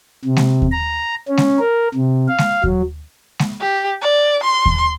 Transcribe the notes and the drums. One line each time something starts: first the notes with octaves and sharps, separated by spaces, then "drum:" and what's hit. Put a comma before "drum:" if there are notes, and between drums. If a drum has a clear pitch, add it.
C3
drum: snare G#3
drum: kick D#2
A#5
C#4
drum: snare G#3
A#4
C3
F5
drum: snare G#3
F#3, drum: kick D#2
drum: snare G#3
G4
D5
C6
drum: kick D#2